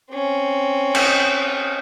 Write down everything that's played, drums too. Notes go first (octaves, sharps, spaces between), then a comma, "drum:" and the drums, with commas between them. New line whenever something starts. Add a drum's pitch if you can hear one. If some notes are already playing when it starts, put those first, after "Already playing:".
C4 C#4
drum: cymbal